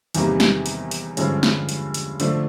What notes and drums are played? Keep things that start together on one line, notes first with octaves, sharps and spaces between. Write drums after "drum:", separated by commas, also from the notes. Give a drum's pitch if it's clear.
E2 C3 D#3 G3 A#3, drum: hi-hat
drum: snare
drum: hi-hat
drum: hi-hat
G2 D3 F3 G#3 C#4, drum: hi-hat
drum: snare
drum: hi-hat
drum: hi-hat
D3 F3 A3 D4, drum: hi-hat